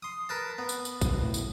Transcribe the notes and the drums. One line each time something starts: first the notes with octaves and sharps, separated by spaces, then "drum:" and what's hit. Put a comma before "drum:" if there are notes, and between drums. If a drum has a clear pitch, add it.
C6 D#6
A#4 B4 A5
B3
drum: tambourine
drum: tambourine
B1, drum: kick A1, tambourine
A2
drum: tambourine